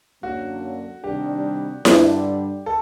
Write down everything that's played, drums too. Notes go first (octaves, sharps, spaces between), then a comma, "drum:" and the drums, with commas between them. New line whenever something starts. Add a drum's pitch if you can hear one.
F#2 D3 F#3 A#3 F#4
C3 D#3 G3 D4 G4
G2 D3 G3 D4, drum: snare E4
A4